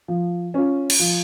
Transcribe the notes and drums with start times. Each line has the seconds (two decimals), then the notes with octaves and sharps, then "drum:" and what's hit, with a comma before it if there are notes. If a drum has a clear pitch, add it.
0.08 F3
0.54 C#4 F4
0.90 drum: cymbal
1.00 F3